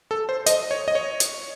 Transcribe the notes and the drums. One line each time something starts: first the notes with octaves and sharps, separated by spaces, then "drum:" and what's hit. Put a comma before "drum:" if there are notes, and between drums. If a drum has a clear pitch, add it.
A4
C5
D#5, drum: hi-hat
C#5
D#5
C#5
drum: hi-hat